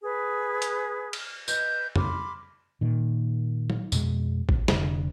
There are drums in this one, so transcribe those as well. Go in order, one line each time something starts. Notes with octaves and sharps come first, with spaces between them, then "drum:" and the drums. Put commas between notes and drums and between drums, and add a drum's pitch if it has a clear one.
G#4 B4
drum: hi-hat
F6, drum: cymbal
B4 D#5 G6, drum: tambourine
B5 C6 D6 F6, drum: tom
A#2 D#3
drum: tom F#3
F2 B2 G#3, drum: tambourine
drum: kick
F1 D3, drum: snare